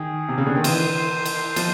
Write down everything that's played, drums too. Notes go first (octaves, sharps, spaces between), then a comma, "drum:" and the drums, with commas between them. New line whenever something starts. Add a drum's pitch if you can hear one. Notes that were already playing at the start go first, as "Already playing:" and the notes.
Already playing: D#3 G#4
C3
C#3
D3
D#3
E3 C5, drum: cymbal
drum: cymbal
F3, drum: cymbal